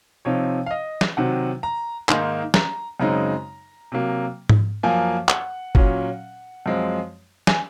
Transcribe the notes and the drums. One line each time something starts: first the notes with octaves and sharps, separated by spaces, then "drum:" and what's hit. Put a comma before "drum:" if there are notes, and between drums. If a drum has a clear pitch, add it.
C3 F3 C4 D#4 C#5
F5
D#5
drum: snare
C3 D#3 F#3 C4 F#5
A#5
G#2 D#3 A#3 D#4 C6, drum: clap
A#5, drum: snare
F#2 C#3 G#3 C4 D#4 A#5
C3 F#3 A#3
drum: tom G#2
F#2 F3 A#3 G#5
F#5, drum: clap
A#2 F#3 C#4, drum: kick
F#2 F3 G#3 C4
G#5, drum: snare